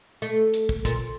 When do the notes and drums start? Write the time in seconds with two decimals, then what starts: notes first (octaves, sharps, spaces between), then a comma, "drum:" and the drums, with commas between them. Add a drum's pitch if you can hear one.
0.22 A3
0.54 drum: hi-hat
0.69 drum: kick
0.85 A#2, drum: kick, hi-hat